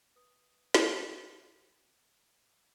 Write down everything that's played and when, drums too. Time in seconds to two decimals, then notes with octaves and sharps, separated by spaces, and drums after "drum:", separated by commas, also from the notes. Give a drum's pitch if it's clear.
0.16 B4 D#6
0.74 drum: snare